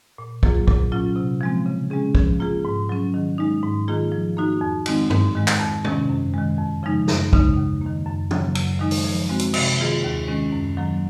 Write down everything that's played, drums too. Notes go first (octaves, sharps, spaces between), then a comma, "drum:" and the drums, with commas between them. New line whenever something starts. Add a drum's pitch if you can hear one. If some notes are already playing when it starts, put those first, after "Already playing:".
A#2
F#3 A#3 F4 G#4, drum: kick
A#2, drum: kick
F#3 C#4 F4
C3
F3 G#3 C4
C#3
G#3 C#4 G#4
F3, drum: kick
A#3 F4 G#4
G#2
F#3 C#4
D#3
G#3 D#4
G#2
D#3 A#3 F4 G#4
F3
A#3 D#4 F#4
F2
D#3 G#3 C4 D#4, drum: cymbal
G#2, drum: tom G2
D#3 G#3
drum: clap
F2
C3 D#3 G#3 C#4, drum: tom C3
F#2
D#3 G#3
F2
C#3 F3 G#3 D#4
F#2, drum: snare
C#3 G#3 D#4, drum: kick
D#2
D#3 A#3
F#2
C#3 F#3 A#3, drum: tom E3
F#2, drum: cymbal
D#3 G#3 D#4
drum: open hi-hat
F3
G#3 C4 F#4
drum: hi-hat
C3, drum: cymbal
D#3 A#3 F4 G#4
D#2
D#3 G#3 C#4
F#2
D#3 F#3 A#3